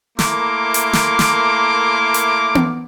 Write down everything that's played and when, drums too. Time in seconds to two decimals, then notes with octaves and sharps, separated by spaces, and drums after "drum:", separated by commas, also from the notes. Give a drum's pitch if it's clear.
0.19 A3 A#3 E4 A#4 C6 D6, drum: snare
0.74 drum: hi-hat
0.93 drum: snare
1.19 drum: snare
2.14 drum: hi-hat
2.55 drum: tom B3